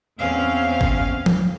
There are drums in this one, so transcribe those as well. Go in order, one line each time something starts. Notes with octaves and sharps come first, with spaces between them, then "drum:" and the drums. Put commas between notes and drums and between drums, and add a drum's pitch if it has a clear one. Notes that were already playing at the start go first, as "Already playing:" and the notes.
E2 C4 C#4 F5
drum: kick
drum: tom F3